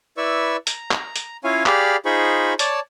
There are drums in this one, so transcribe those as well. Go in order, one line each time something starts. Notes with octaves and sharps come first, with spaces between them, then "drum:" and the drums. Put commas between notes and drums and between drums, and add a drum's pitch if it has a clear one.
E4 B4 D5 C#6 E6
A#5, drum: hi-hat
drum: clap
drum: hi-hat
C#4 E4 F4 C#5 F5 G#5
G4 G#4 D5 F5 B5 F6, drum: clap
D#4 F4 G#4 C5 B5 C#6
C#5 D5 A5, drum: hi-hat